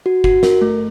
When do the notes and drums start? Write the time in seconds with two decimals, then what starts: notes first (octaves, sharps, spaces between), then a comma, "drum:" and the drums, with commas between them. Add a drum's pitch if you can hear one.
0.06 F#4
0.24 F#4, drum: kick
0.43 A#4, drum: snare
0.62 A3